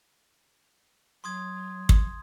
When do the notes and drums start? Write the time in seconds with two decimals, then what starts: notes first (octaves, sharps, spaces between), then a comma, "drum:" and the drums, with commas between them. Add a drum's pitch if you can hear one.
1.24 F#3 C6 D#6 G#6
1.89 drum: kick